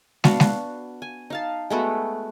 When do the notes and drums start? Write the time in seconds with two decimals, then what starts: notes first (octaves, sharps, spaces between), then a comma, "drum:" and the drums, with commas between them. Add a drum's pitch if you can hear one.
0.24 B3 D4 F#4 F5, drum: snare
0.40 drum: snare
1.02 G#5
1.30 D#4 F5 A5
1.70 G#3 A3 B3 F#4